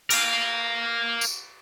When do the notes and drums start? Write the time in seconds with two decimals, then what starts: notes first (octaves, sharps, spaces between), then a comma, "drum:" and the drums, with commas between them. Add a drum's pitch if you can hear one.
0.10 A#4 F5, drum: cymbal
1.21 drum: tambourine